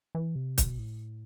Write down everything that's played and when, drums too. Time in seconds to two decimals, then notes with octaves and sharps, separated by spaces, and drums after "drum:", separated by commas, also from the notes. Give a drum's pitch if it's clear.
0.15 E3
0.35 C3
0.58 B2, drum: kick, hi-hat
0.79 A2